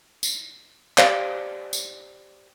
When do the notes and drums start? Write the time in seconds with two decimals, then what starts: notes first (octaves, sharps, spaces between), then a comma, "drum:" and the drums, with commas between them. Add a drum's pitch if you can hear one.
0.23 drum: tambourine
0.98 G4 C5 D5 F5, drum: clap
1.73 drum: tambourine